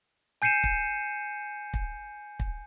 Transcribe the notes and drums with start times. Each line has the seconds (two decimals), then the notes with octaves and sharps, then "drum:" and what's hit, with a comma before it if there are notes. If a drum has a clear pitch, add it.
0.42 G#5 G6 C7 C#7 D#7 E7
0.64 drum: kick
1.74 drum: kick
2.40 drum: kick